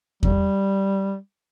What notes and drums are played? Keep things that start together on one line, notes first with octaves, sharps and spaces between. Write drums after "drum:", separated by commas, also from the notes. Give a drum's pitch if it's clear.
G3, drum: kick E2